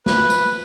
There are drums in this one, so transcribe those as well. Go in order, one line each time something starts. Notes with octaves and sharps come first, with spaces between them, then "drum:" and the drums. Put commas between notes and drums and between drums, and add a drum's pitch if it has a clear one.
B4, drum: snare
drum: tambourine